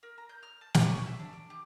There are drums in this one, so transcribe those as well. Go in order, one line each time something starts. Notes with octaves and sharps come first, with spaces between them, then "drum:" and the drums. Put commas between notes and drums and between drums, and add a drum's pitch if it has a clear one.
A#4
A#5
G6
F6
A5
D5, drum: snare
C#6
E5
D4
D6
G4